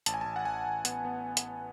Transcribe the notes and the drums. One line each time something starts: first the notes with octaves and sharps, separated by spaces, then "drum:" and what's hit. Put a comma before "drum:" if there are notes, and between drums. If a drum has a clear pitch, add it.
A1 A5, drum: hi-hat
G#5
A5
A1
F#5
A1 G#5
A1
B3 F#5, drum: hi-hat
B3
drum: hi-hat